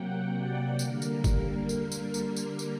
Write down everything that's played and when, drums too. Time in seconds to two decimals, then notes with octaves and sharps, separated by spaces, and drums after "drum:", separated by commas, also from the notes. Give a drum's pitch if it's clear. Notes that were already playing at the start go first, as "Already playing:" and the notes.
Already playing: C3 F#3 A#3 F#5 G5
0.34 D5
0.79 D3 G3 A#3 A#4, drum: tambourine
1.02 drum: tambourine
1.24 drum: kick G1, tambourine
1.69 drum: tambourine
1.92 drum: tambourine
2.14 drum: tambourine
2.37 drum: tambourine
2.59 drum: tambourine